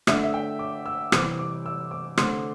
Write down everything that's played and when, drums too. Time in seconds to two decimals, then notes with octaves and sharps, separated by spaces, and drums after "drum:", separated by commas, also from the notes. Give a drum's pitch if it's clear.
0.07 D3 A3 D4 E5, drum: rim click
0.23 E5
0.34 G5
0.59 D6
0.86 E6
1.12 C3 E3 G3 C4 D6, drum: rim click
1.39 D6
1.66 E6
1.91 D6
2.17 D3 A3 C4 C6, drum: rim click